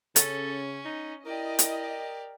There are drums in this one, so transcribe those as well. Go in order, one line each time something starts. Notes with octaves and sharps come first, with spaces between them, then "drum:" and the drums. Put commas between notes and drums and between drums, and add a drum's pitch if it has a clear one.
C#3 C#4 A4, drum: hi-hat
D#4
E4 G4 A#4 D5 D#5
drum: hi-hat